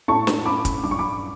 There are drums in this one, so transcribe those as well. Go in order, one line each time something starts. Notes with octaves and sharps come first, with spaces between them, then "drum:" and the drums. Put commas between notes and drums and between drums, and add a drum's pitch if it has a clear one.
A2 A5 C#6
drum: snare
C#4 B5 D6
drum: kick, hi-hat
G2 D6
C#6
B5 D6